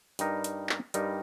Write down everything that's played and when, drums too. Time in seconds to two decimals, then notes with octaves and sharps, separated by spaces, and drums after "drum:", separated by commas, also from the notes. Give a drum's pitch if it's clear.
0.19 G2 G3 D#4 A#4, drum: hi-hat
0.44 drum: hi-hat
0.69 drum: clap
0.94 G2 G3 D#4 A#4, drum: hi-hat